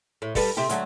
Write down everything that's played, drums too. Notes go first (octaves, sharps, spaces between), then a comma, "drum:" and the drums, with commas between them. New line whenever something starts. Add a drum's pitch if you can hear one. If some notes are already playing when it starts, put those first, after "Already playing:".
A2
G3 A4 B4, drum: kick, open hi-hat
C3 C4 G4
D2 F#3 A3, drum: hi-hat